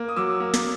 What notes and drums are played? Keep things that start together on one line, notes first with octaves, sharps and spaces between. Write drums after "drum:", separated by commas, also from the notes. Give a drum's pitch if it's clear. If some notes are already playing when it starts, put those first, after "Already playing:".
Already playing: A#3
D#6
F#3 D6 E6
A#3
drum: snare